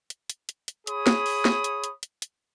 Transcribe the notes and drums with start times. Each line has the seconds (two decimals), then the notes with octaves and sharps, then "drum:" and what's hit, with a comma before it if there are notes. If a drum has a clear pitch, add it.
0.10 drum: hi-hat
0.30 drum: hi-hat
0.49 drum: hi-hat
0.68 drum: hi-hat
0.87 G#4 C#5 B5 D#6, drum: hi-hat
1.07 drum: snare
1.26 drum: open hi-hat
1.45 drum: snare
1.64 drum: hi-hat
1.84 drum: hi-hat
2.03 drum: hi-hat
2.22 drum: hi-hat